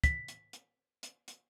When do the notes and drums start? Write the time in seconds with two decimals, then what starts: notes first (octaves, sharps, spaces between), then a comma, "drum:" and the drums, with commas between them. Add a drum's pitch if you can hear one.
0.04 B6, drum: kick, hi-hat
0.28 drum: hi-hat
0.53 drum: hi-hat
1.03 drum: hi-hat
1.28 drum: hi-hat